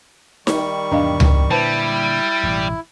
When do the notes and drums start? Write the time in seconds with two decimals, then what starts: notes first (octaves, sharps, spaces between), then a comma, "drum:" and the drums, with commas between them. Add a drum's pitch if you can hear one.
0.47 D#3 G3 C#6, drum: snare D#4
0.92 E2 G#2 C3 D4 D#5 F5
1.20 drum: tom C#2
1.50 A#2 D3 G3 E4 B4 C5 A5
2.43 E1 A1 A2